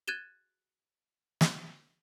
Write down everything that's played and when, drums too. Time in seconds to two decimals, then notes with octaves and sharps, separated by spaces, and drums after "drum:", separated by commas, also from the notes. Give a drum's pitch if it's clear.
0.08 F#6 G#6 A6 D#7 E7 G7
1.41 drum: snare